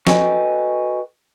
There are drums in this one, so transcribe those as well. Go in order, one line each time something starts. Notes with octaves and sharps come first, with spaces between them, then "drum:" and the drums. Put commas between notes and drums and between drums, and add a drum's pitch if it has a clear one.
F#4 A4 B4 D#5 G5 G#5, drum: snare